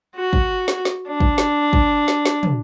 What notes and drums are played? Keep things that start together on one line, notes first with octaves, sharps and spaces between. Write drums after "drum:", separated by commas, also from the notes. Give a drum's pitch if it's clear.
F#4
drum: kick
drum: snare
drum: snare
D4
drum: kick
drum: snare
drum: kick
drum: snare
drum: snare
drum: tom